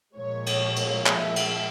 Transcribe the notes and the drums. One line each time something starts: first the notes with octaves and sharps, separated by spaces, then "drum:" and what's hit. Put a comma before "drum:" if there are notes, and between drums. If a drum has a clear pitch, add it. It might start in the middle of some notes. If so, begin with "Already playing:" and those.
A#2 F3 G#3 C#5
drum: cymbal
drum: cymbal
E5, drum: clap
drum: cymbal